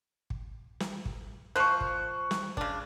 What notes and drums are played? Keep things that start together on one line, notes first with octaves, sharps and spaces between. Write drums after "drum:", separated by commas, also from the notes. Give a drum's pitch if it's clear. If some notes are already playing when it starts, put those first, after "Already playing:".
drum: kick
drum: snare
drum: kick
F3 C5 C#6 F#6
drum: kick
drum: snare
C#3 D4, drum: kick